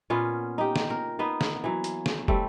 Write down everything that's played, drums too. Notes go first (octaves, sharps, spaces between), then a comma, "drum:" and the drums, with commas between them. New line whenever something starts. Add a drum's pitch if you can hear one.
A#2 B3 C#4 F4
D#4 G4
drum: snare
A#4
A#3 B3 D#4 B4
drum: snare
E3 F#3
drum: hi-hat
drum: snare
G3 A3 C4, drum: kick